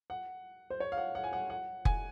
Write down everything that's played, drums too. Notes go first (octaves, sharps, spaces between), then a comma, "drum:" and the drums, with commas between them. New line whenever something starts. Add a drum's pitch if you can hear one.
F#5
C5
C#5
F5
F#5
F#5
G#5
F#5
F#5
G#5, drum: kick F1